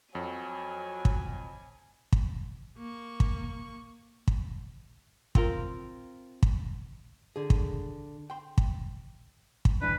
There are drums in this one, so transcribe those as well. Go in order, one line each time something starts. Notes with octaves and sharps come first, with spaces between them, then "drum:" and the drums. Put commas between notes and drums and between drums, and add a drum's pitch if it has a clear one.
F2 F#3 G#5
drum: kick
drum: kick
A#3 C#6
drum: kick
drum: kick
C4 F4 A#4, drum: kick
drum: kick
D3 G#4
drum: kick
G5 C6
drum: kick
drum: kick
G2 E3 D4 B4